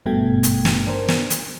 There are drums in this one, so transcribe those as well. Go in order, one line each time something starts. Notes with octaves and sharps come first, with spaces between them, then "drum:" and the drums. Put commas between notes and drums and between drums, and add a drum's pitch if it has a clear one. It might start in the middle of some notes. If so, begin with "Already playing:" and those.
G#1 G2 B2 A3 G5 G#6
drum: hi-hat
drum: snare
D4 A#4 C5
drum: snare
drum: hi-hat